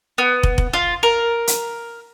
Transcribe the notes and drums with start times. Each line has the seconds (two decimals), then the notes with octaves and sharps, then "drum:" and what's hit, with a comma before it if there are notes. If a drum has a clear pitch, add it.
0.18 B3
0.43 drum: kick
0.58 drum: kick
0.73 F4
1.03 A#4
1.47 drum: hi-hat